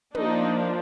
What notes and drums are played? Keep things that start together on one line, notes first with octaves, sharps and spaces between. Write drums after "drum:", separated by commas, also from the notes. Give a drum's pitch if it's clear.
F3 A#3 D4 D#4, drum: tom